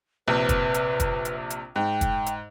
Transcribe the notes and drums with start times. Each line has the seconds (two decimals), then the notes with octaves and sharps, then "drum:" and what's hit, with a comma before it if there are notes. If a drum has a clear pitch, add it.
0.28 A#1 C3 B4
0.49 drum: kick, hi-hat
0.74 drum: hi-hat
1.00 drum: kick, hi-hat
1.25 drum: hi-hat
1.50 drum: hi-hat
1.76 G#2 G5
2.01 drum: kick, hi-hat
2.26 drum: hi-hat